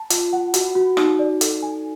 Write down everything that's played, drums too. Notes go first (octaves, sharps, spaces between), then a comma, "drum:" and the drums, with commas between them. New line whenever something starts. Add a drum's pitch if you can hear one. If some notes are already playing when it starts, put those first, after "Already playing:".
Already playing: A5
F4, drum: hi-hat
F#5
F#4, drum: hi-hat
F#4
D#4, drum: rim click
D5
A4, drum: hi-hat
G#5